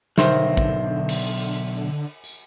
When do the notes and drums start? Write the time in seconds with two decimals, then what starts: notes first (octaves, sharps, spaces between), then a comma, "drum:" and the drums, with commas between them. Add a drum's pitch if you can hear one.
0.18 B1 D3 D#3 C5 E5, drum: snare
0.57 drum: kick
1.09 drum: cymbal
2.24 drum: tambourine